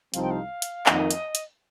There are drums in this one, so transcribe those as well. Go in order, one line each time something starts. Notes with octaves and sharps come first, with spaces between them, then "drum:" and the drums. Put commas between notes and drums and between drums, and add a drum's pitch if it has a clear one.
C2 C3 F3 C4 D#4 F5, drum: hi-hat
G5
F5
drum: hi-hat
F2 D#3 A#3 D#4 D#5, drum: clap
drum: hi-hat
drum: hi-hat